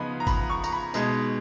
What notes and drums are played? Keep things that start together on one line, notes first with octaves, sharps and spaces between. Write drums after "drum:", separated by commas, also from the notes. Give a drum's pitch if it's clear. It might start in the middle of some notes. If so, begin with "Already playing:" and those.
Already playing: C#3 F3 B3 D#4 B5
A#5
B5, drum: kick G1, tambourine
C#6
A#5, drum: tambourine
B5
B2 G#3 D#4, drum: tambourine